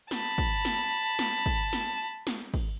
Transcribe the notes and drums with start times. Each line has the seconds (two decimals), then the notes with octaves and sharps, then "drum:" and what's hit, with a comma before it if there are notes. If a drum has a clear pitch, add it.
0.11 A5 B5, drum: snare
0.38 drum: kick, cymbal
0.65 drum: snare
1.19 drum: snare
1.46 drum: kick, cymbal
1.73 drum: snare
2.27 drum: snare
2.54 drum: kick, cymbal